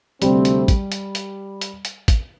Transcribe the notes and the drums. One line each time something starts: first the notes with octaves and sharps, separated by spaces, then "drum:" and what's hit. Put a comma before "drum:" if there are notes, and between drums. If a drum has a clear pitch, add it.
D2 C3 G3 A3 C4, drum: hi-hat
drum: hi-hat
drum: kick, hi-hat
drum: hi-hat
drum: hi-hat
drum: hi-hat
drum: hi-hat
drum: kick, hi-hat